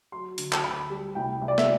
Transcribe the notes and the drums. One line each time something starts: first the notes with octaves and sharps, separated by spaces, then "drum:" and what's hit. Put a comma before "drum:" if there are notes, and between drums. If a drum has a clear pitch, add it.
F#3 C6
D3, drum: open hi-hat
A5, drum: clap
D2 B5
G3
C2 G5
C2
D5
E5, drum: snare